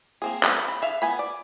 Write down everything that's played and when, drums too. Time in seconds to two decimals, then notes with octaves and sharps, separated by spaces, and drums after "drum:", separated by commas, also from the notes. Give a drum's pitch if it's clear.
0.22 A#3 C4 G#4
0.43 A3, drum: clap
0.68 B5
0.82 G#4 E5 F5
1.02 B3 G#5 B5
1.19 D5